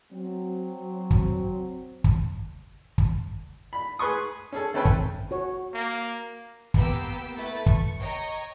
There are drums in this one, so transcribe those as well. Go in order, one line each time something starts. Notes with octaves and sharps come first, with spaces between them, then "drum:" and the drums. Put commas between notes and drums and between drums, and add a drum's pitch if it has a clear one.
F#3 C4
drum: kick
drum: kick
drum: kick
B5
G#4 B4 C6 C#6 D#6
C#4 G#4 A4
A3 C4 C#4 A4 B4 G5
drum: kick
F#4 C#5
A#3
A#3 B3 G4 E6, drum: kick
A3 E4 B4 A6
C#6, drum: kick
C#5 D#5 G5 A#5